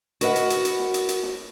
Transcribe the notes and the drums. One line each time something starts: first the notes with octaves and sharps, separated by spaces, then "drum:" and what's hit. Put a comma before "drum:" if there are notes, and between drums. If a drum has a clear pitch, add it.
F#4 A#4 B4 D#5 E5 F#5, drum: hi-hat
drum: hi-hat
drum: hi-hat
drum: hi-hat
drum: snare
drum: hi-hat
drum: hi-hat
drum: snare